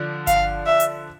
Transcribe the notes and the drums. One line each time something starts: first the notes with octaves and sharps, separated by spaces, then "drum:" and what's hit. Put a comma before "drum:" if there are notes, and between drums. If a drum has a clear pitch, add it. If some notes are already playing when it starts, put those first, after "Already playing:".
Already playing: D3 F3 D4
F5, drum: kick G1, hi-hat
E5
drum: hi-hat